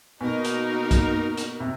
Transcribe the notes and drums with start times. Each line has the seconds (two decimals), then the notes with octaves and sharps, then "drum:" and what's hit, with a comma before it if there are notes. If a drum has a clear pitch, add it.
0.21 B2 A#3 D#4 F#4 A#4
0.44 drum: hi-hat
0.91 drum: kick, hi-hat
1.37 drum: hi-hat
1.60 C3